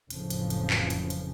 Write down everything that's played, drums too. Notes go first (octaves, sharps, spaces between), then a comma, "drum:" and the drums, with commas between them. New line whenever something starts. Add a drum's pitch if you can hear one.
F#1 F2 A2 C#3 E3 F3, drum: hi-hat
drum: hi-hat
drum: hi-hat
drum: clap
drum: hi-hat
drum: hi-hat